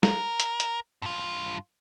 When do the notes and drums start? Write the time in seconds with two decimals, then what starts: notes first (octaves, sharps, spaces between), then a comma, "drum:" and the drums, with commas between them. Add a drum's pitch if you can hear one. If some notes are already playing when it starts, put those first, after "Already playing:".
0.03 A#4, drum: snare
0.40 drum: hi-hat
0.60 drum: hi-hat
1.02 G2 F4